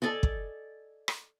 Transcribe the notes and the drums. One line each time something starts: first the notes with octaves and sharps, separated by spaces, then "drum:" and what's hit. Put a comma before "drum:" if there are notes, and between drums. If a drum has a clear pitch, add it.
A4 D5 D#5 G#5
drum: kick
drum: rim click